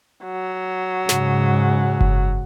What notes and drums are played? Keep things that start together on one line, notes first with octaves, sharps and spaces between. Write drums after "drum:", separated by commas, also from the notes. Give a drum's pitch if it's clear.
F#3
G#2 C#3, drum: snare
drum: kick F#1